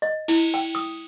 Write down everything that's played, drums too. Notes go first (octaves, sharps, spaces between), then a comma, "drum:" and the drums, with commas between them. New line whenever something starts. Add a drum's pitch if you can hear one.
D#5
E4, drum: cymbal
G5
D#6